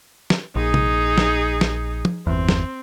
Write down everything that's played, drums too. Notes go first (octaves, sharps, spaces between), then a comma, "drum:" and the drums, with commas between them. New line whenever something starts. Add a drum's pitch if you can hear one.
drum: snare
A#1 D#4 G#4
drum: tom
drum: snare
drum: snare
drum: tom
G1 E2 C4
drum: snare